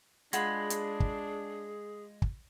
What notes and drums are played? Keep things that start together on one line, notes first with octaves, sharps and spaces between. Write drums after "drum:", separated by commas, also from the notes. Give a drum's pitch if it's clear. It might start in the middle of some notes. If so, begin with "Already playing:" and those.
G#3 D4 F4 G#4 F#5 B5, drum: hi-hat
drum: hi-hat
drum: kick
drum: kick